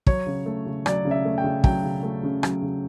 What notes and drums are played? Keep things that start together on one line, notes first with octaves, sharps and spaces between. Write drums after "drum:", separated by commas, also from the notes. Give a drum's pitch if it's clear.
F#3 C#5, drum: kick
C#3
A3
C#3
F#3 D5, drum: rim click
C#3
E5
A3
G5
C#3
F#3 G5, drum: kick
C#3
A3
C#3
F#3, drum: rim click
C#3